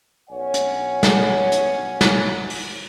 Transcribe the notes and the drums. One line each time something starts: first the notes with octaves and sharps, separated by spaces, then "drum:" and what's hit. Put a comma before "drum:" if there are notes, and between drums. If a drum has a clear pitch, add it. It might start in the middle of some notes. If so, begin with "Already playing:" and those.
B1 C#4 C#5 F#5 G#5
drum: hi-hat
drum: snare
drum: hi-hat
drum: snare
drum: open hi-hat